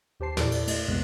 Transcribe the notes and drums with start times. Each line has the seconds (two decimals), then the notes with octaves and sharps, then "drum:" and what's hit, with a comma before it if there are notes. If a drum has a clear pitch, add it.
0.20 D#2 G4 C5 A5 C7
0.37 E2 A#2 E4 A4 D5, drum: snare
0.52 drum: cymbal
0.67 A3 D#5, drum: cymbal
0.88 B1 F2 C3 G#3 B3 F#6